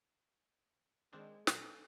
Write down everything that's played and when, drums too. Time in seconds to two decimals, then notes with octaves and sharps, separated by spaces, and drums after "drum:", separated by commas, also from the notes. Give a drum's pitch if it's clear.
1.13 D#3 G#3 C4 D4
1.47 A#2 F#3 A4 G#5, drum: snare